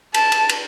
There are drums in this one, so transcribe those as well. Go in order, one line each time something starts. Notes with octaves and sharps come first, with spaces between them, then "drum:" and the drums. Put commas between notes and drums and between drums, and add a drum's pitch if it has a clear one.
A5, drum: cymbal
drum: cymbal
drum: cymbal